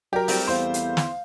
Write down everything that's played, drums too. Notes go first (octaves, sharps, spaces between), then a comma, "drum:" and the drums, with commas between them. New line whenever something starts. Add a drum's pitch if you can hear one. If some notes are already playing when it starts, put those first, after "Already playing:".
F#3 G4 A#4
G3 A3 C4 D5, drum: open hi-hat
E2 C5 F5
drum: hi-hat
drum: snare